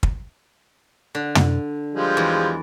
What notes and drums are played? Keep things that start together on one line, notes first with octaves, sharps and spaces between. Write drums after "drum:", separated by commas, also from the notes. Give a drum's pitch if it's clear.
drum: kick
D3
drum: tom
F3 G3 G#3
E2